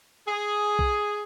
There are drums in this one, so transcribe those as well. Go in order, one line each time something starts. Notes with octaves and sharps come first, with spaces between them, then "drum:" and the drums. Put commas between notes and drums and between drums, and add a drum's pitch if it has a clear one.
G#4
drum: kick B1